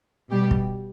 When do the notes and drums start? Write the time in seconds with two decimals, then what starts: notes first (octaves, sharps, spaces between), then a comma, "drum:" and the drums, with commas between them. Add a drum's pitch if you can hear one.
0.31 B2 G3 G4
0.51 drum: kick